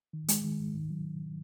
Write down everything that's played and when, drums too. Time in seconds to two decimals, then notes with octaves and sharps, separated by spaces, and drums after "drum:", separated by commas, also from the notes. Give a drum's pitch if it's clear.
0.13 D#3
0.28 G#3, drum: hi-hat
0.44 D#3
0.59 G#2
0.75 D#3
0.90 F#3